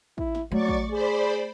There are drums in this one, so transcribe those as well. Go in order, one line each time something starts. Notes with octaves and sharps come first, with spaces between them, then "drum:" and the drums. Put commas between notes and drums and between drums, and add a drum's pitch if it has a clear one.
E4, drum: kick
drum: snare
F#3 A3 D5 C#6 A6
drum: kick
G#4 C5 D5 B5